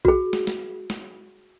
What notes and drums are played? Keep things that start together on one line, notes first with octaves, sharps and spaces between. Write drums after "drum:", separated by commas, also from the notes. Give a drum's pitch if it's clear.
F#4 G#4, drum: kick A#1
drum: snare
drum: snare
drum: snare